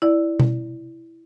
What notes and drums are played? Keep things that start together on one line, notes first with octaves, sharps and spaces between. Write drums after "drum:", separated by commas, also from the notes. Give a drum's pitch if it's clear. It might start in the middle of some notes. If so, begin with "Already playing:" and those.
E4 D5
drum: tom B2